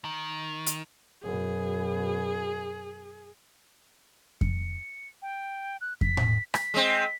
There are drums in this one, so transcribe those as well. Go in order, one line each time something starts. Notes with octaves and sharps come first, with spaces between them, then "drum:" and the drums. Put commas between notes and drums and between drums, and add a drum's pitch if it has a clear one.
D#3
drum: hi-hat
F#2 B2 G#4
C#7, drum: kick F2
G5
F#6
B6, drum: kick F2
drum: tom A2
B6, drum: rim click
G#3 C4